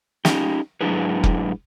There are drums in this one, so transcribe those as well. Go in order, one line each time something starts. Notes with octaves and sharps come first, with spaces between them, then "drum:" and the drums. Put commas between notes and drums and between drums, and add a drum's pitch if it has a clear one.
C#4 D#4 G4, drum: snare
G#2 F#3 D4 E4 G#4 B4
drum: kick F1